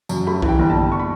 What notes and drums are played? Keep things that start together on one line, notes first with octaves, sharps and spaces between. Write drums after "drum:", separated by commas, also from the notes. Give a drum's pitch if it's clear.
F#2, drum: tambourine
A3 B5
E3, drum: kick B1
G5
G1
A5
G1
C#6
B5